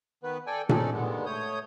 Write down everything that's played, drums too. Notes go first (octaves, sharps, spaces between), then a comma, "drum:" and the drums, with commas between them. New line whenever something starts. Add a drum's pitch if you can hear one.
D#3 B3 B4
A4 D5 G5 G#5
C4 C#4 D#4 A4 D5, drum: tom A#2
G2 A#2 D3 D#3 G#3 B3
A3 C#5 D#6 G6